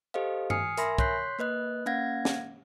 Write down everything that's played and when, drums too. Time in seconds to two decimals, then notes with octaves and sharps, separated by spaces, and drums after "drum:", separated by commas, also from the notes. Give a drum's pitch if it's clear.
0.14 G4 A4 C5 D#5 F5
0.50 G#5 D#6 F6 C7 C#7, drum: tom G2
0.77 A#4 E5 G#5 B5 C6 A#6, drum: hi-hat
0.98 C#5 C6 F#6 G6 B6 C7, drum: kick
1.39 A#3 B4 D#5 F#6
1.86 A#3 C#4 F5 F#5 G#6 A#6
2.25 drum: snare